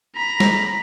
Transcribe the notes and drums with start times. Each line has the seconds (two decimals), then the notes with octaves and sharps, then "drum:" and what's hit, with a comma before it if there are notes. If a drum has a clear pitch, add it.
0.16 A#5 B5
0.40 drum: snare